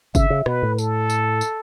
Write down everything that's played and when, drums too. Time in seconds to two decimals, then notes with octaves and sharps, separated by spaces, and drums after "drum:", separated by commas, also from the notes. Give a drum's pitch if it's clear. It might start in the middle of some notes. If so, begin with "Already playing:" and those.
0.15 C#3 E5, drum: kick G1, tambourine
0.30 C#3
0.46 B2 B4, drum: rim click
0.63 A2
0.78 A4, drum: tambourine
1.10 drum: tambourine
1.41 drum: tambourine